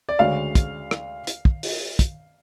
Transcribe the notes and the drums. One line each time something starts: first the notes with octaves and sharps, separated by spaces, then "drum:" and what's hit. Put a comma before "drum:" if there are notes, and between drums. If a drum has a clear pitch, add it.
D5
D2 C#3 G#3 C#4 F#4 F5
drum: kick, hi-hat
drum: rim click
drum: hi-hat
drum: kick
drum: open hi-hat
drum: kick, hi-hat